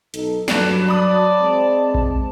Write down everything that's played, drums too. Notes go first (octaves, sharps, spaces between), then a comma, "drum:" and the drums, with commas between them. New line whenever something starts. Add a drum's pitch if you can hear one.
B1 D#4 A4, drum: hi-hat
G2 F#3 A4 D5 F#6, drum: snare
D5 A5 B5 D#6
G#3 C4
drum: kick A#1